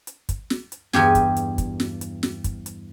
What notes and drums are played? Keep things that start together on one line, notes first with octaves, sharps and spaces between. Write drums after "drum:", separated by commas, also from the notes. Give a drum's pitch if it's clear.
drum: hi-hat
drum: kick, hi-hat
drum: snare
drum: hi-hat
E2 G2 G4 G#5, drum: snare
drum: kick, hi-hat
drum: hi-hat
drum: kick, hi-hat
drum: snare
drum: hi-hat
drum: snare
drum: kick, hi-hat
drum: hi-hat